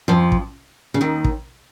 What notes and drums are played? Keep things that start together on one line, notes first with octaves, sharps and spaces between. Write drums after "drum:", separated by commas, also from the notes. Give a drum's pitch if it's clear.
F2 F3
drum: kick
C#3
D#2 D#3
drum: kick